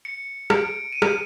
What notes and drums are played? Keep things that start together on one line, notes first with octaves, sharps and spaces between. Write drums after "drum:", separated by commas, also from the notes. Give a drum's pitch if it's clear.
C#7
D7, drum: rim click
D#7
drum: rim click